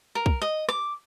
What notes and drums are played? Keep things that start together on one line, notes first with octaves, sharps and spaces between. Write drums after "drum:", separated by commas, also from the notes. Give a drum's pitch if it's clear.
A#4
drum: kick
D#5
D6, drum: rim click